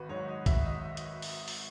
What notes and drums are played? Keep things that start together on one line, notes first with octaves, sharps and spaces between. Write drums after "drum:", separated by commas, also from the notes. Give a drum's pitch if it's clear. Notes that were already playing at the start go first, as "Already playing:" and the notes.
Already playing: G#1 F#4 B4
G#2 D#3 F#3 C#5
D#5
G#1 E5, drum: kick B1, hi-hat
D#5
drum: hi-hat
drum: open hi-hat
drum: open hi-hat